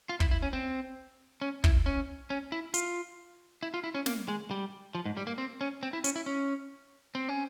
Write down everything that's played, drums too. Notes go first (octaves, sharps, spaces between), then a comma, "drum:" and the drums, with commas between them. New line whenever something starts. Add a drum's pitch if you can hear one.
F4
E4, drum: kick
E4
C#4
C4
C#4
E4, drum: kick
C#4
C#4
E4
F4, drum: hi-hat
E4
F4
E4
C#4
A#3, drum: snare
G#3
G3
F3
G#2
G3
A#3
C4
C#4
C4
E4
C#4, drum: hi-hat
E4
C#4
C4
C#4